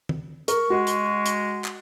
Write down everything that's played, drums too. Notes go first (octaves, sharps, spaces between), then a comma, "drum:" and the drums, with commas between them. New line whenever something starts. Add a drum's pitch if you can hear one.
drum: tom
A#4 C#6, drum: hi-hat
G#3 F#4
drum: hi-hat
drum: hi-hat
drum: clap